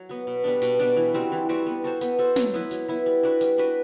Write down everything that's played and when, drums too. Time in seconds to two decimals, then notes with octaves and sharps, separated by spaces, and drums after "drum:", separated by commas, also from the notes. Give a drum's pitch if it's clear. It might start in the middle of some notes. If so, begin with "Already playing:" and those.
Already playing: F#3
0.09 B3 F#4
0.27 B2
0.44 G3 B3 D4
0.62 B2, drum: hi-hat
0.79 G3 B3 D4
0.96 E3
1.14 G3 C4 F#4
1.32 E3
1.49 G3 C4 F#4
1.66 B3
1.84 F#4 A4 C5
2.01 B3, drum: hi-hat
2.19 F#4 A4 C5
2.36 F#3, drum: snare
2.54 B3 E4 B4
2.71 F#3, drum: hi-hat
2.88 B3 E4 B4
3.06 G3
3.23 D4 F#4 B4
3.41 G3, drum: hi-hat
3.58 D4 F#4 B4